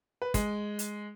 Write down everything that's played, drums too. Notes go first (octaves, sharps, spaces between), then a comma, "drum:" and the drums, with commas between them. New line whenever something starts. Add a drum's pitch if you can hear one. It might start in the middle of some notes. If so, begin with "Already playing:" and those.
B4
G#3, drum: kick, hi-hat
drum: hi-hat